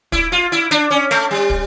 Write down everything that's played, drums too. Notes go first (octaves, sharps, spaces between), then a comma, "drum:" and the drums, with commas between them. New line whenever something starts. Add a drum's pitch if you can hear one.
E4, drum: kick
F4
E4
D4, drum: snare
C#4
A3, drum: snare
G3
drum: kick